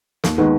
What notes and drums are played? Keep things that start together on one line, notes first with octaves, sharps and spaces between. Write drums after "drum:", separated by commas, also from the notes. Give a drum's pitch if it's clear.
D#2, drum: snare
D#3 G#3 B3 D#4